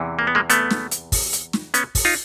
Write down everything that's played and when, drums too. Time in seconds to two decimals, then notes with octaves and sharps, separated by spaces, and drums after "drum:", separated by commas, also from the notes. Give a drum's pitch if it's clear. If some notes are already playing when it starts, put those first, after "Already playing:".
Already playing: E2 C3 E3
0.19 A#3
0.27 B3
0.35 G#3 A#3
0.50 A3 B3, drum: hi-hat
0.71 drum: snare
0.91 drum: hi-hat
1.12 drum: kick, open hi-hat
1.33 drum: hi-hat
1.53 drum: snare
1.74 B3 C#4, drum: hi-hat
1.95 drum: kick, open hi-hat
2.05 D#4 F4